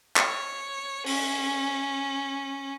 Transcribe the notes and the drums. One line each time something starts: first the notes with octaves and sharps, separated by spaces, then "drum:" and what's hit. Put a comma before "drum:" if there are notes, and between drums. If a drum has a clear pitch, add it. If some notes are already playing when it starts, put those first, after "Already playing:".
C#5, drum: clap
C#4, drum: open hi-hat